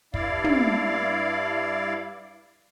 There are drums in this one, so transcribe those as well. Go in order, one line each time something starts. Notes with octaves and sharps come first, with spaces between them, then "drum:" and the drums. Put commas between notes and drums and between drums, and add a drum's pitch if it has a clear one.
G2 E4 D5 F5, drum: kick
drum: tom